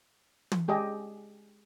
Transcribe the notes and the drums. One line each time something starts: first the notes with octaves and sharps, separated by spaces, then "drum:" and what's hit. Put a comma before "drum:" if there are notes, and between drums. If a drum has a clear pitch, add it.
drum: tom
G#3 G4 G#4 D#5